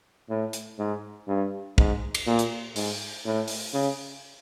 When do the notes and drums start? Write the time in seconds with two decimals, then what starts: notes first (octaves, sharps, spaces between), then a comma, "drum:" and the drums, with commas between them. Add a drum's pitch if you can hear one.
0.30 A2
0.53 drum: hi-hat
0.79 G#2
1.28 G2
1.78 G#2, drum: kick
2.15 drum: cymbal
2.27 A#2
2.39 drum: hi-hat
2.76 G#2, drum: open hi-hat
3.25 A2
3.48 drum: open hi-hat
3.73 C#3